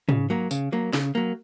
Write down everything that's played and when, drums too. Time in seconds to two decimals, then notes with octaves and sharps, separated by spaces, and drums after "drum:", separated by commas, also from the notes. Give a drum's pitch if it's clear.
0.09 C#3, drum: tom
0.30 F#3 A#3
0.51 C#3, drum: tambourine
0.72 F#3 A#3
0.93 C#3, drum: snare
1.15 F#3 A#3